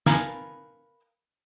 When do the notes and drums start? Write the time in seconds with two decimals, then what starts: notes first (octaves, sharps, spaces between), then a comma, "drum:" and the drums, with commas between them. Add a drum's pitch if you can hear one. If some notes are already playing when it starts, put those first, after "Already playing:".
0.06 A#4 B4 F5 G#5 A5, drum: snare